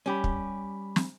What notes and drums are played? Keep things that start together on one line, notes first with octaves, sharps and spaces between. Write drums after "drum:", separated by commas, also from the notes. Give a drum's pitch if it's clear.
G3 C#4 G4 B5
drum: kick
drum: snare